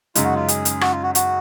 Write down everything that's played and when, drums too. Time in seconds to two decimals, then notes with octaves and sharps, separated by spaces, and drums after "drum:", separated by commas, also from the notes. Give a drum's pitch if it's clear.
0.15 F#2 C#3 G#3 D#4 F4, drum: hi-hat
0.24 F#4
0.36 F4
0.48 G#4, drum: hi-hat
0.65 drum: hi-hat
0.81 F#4, drum: rim click
0.92 F4
1.03 F#4
1.15 F#4, drum: hi-hat